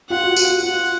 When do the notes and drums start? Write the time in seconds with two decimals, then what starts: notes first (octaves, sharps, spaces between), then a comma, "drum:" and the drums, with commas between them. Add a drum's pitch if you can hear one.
0.10 F4 F#5
0.24 F#4
0.36 F4, drum: tambourine
0.50 F#4
0.63 F4 F#5